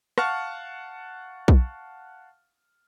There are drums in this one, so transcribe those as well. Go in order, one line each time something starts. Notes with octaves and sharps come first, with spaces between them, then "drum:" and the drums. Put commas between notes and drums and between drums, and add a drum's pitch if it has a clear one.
F5 F#5 A5 C#6 F6 A6, drum: rim click
drum: kick B1